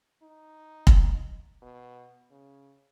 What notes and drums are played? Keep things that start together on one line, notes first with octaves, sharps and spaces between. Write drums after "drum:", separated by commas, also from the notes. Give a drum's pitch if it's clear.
D#4
drum: kick
B2
C#3